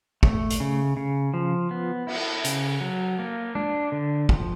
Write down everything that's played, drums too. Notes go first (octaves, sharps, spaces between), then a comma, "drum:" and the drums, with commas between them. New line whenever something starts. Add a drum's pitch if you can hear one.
A3, drum: kick
drum: hi-hat
C#3
C#3
F3
B3
E4, drum: cymbal
C#3, drum: hi-hat
F#3
A#3
D4, drum: tom G#3
D3
F3, drum: kick